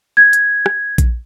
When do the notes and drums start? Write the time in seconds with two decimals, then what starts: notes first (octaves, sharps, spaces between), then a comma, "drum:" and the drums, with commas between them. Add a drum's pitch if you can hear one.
0.17 G#6
0.33 drum: hi-hat
0.66 drum: rim click
0.98 drum: kick A#1, hi-hat